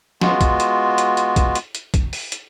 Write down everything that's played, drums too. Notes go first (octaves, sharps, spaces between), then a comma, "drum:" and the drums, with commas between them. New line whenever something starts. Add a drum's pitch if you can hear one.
G#3 B3 F4 F#4, drum: snare
drum: kick, hi-hat
drum: hi-hat
drum: hi-hat
drum: hi-hat
drum: kick, hi-hat
drum: hi-hat
drum: hi-hat
drum: kick, hi-hat
drum: open hi-hat
drum: hi-hat